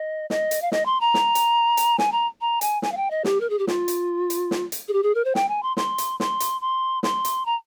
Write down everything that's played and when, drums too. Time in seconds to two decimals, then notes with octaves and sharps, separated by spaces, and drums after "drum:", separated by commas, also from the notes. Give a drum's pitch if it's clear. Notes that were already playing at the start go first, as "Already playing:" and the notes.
Already playing: D#5
0.30 D#5, drum: snare
0.51 drum: hi-hat
0.62 F5
0.72 D#5, drum: snare
0.85 C6
1.00 A#5
1.14 drum: snare
1.35 drum: hi-hat
1.77 drum: hi-hat
1.98 G#5, drum: snare
2.12 A#5
2.41 A#5
2.61 G#5, drum: hi-hat
2.82 G#5, drum: snare
2.92 F5
2.97 G5
3.11 D#5
3.24 G4, drum: snare
3.40 A#4
3.50 G#4
3.59 G4
3.67 F4, drum: snare
3.88 drum: hi-hat
4.30 drum: hi-hat
4.51 drum: snare
4.72 drum: hi-hat
4.88 G#4
4.93 G4
5.03 G#4
5.15 A#4
5.25 C5
5.35 G5, drum: snare
5.49 G#5
5.63 C6
5.77 C6, drum: snare
5.98 drum: hi-hat
6.20 C6, drum: snare
6.40 drum: hi-hat
6.61 C6
7.03 C6, drum: snare
7.25 drum: hi-hat
7.45 A#5